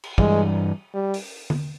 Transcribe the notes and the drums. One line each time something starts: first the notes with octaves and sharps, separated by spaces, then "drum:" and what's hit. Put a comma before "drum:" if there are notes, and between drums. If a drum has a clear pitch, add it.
drum: cymbal
G2 E3 G3 G#3, drum: kick
G3
drum: open hi-hat
drum: tom D3